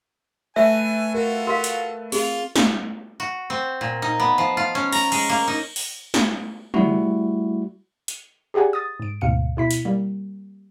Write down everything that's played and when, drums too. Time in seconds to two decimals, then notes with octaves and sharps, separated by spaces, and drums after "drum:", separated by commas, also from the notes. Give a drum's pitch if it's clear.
0.56 A3 A4 B4 E5 G#5
1.14 F4 F#4 A#4
1.47 A#4 F5 C6
1.64 drum: hi-hat
2.12 C4 F4 G#4, drum: open hi-hat
2.56 drum: snare
3.20 F#4
3.50 C4
3.81 A#2
4.02 D#4
4.20 B3
4.38 F3
4.57 F4
4.75 C#4
4.92 A#5, drum: open hi-hat
5.12 G#3, drum: cymbal
5.30 A#3
5.48 D#4
5.76 drum: open hi-hat
6.14 drum: snare
6.74 G3 A3 E4 F#4, drum: tom
8.08 drum: hi-hat
8.54 G4 G#4 D5 F#5 G#5
8.73 D#6 A6
9.00 G#2 D7
9.21 D2 G#2 B2 F5 C#7
9.57 B2 E4 B6
9.71 drum: hi-hat
9.85 G3 A#3